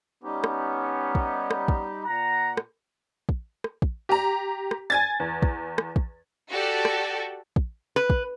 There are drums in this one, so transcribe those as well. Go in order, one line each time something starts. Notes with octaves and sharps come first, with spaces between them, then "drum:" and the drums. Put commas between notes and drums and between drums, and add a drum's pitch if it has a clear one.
G3 B3 C#4 D#4 G4
drum: rim click
drum: kick
drum: rim click
drum: kick
A#2 F#5 A#5
drum: rim click
drum: kick
drum: rim click
drum: kick
G4 A#5
drum: rim click
G#5 G#6 A6
E2
drum: kick
drum: rim click
drum: kick
F#4 G4 A4 D5
drum: rim click
drum: kick
B4
drum: kick